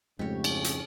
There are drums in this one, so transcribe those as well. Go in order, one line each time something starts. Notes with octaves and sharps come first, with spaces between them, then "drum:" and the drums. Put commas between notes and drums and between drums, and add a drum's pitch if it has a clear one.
F2 G#2 C#3 G#3 A3 G4 C#5
drum: cymbal
drum: hi-hat